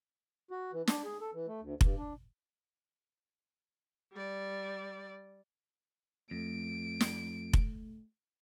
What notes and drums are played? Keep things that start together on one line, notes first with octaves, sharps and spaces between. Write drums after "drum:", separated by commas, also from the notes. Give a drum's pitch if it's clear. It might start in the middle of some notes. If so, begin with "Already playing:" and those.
F#4
E3
D4, drum: snare
G#4
A4
E3
A3
D2
G2, drum: kick F1
D4
G3 D5
F2 A3 D7
drum: snare
drum: kick F1